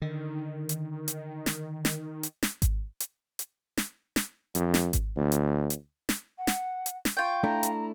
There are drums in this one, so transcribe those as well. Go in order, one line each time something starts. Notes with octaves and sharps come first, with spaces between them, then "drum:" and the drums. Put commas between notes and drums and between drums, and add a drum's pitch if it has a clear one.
D3 D#3
drum: hi-hat
drum: hi-hat
drum: snare
drum: snare
drum: hi-hat
drum: snare
drum: kick G#1, hi-hat
drum: hi-hat
drum: hi-hat
drum: snare
drum: snare
F2, drum: hi-hat
drum: snare
drum: kick G#1, hi-hat
D2
drum: hi-hat
drum: hi-hat
drum: snare
F#5
drum: snare
drum: hi-hat
drum: snare
F4 G5 C#6
A3 D4 E4 A#5
drum: hi-hat